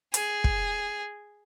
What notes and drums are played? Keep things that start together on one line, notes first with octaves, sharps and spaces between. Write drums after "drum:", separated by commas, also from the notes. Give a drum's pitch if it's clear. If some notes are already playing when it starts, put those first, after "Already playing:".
G#4, drum: hi-hat
drum: kick